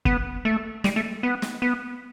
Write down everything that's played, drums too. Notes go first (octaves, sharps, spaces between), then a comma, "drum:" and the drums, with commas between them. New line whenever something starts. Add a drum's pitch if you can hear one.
B3, drum: kick
A3
G3, drum: snare
A3
B3
drum: snare
B3